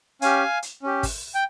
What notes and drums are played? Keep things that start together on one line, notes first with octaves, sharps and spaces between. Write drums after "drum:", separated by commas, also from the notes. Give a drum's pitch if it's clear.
C#4 G4 F5 G#5, drum: hi-hat
drum: hi-hat
C#4 G4
drum: kick, open hi-hat
G5